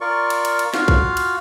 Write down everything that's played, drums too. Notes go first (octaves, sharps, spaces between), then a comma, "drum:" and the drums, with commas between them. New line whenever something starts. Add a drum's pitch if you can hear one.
F4 A#4 D5 C#6
drum: cymbal
drum: cymbal
drum: cymbal
F4 F#4 F5, drum: snare
drum: kick A#1
drum: cymbal